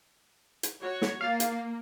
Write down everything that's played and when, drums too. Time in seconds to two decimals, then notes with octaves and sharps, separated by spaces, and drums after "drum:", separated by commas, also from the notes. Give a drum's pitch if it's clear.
0.63 drum: hi-hat
0.82 F#4 C#5
1.02 drum: snare
1.21 A#3 F5 F6 A6
1.40 drum: hi-hat